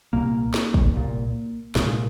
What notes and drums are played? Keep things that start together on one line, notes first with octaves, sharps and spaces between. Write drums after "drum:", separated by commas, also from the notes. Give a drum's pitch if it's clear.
C2 A#2 A#3
drum: snare
drum: kick
C2 A#2
C2 A#2 G#3, drum: snare